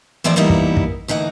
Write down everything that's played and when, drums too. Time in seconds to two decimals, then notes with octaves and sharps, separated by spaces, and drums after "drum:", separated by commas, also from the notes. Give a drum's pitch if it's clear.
0.24 E3 F3 A3 C4 E4 D5
0.36 E3 G3 A#3 B3 D#4 E4
0.50 drum: kick
0.77 drum: kick
1.08 D2 E3 D#4 F#5